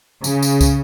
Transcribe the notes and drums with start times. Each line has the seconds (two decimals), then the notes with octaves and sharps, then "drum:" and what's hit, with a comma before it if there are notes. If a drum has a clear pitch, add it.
0.24 C#3, drum: tambourine
0.43 drum: tambourine
0.61 drum: kick, tambourine